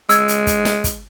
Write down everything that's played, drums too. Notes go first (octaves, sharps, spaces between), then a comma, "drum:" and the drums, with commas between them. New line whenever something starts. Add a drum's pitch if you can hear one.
G#3 E6 G#6, drum: hi-hat
drum: hi-hat
drum: kick, hi-hat
drum: snare
drum: kick, hi-hat